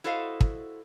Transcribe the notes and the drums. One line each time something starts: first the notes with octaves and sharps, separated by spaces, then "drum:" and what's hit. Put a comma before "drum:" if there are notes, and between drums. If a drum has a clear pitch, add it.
E4 F#4 A4 C5 D#5 F5
drum: kick